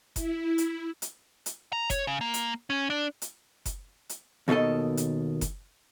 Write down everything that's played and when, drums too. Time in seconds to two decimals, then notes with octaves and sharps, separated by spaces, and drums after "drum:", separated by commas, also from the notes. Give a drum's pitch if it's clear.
0.16 E4, drum: kick F#1, hi-hat
0.58 drum: hi-hat
1.02 drum: hi-hat
1.46 drum: hi-hat
1.73 A#5
1.90 C#5, drum: kick F#1, hi-hat
2.07 C#3
2.21 A#3
2.34 drum: hi-hat
2.70 C#4
2.90 D4
3.22 drum: hi-hat
3.66 drum: kick F#1, hi-hat
4.09 drum: hi-hat
4.48 D#2 B2 D#3 A4 D#5
4.97 drum: hi-hat
5.41 drum: kick F#1, hi-hat